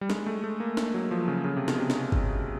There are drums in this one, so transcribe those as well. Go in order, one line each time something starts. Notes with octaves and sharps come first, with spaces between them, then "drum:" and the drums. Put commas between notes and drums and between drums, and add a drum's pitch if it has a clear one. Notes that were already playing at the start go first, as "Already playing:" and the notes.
G3
G#3, drum: snare
A3
A3
A#3
drum: snare
F#3
F3
C#3
C#3
C3
B2, drum: snare
C3
drum: snare
drum: kick G1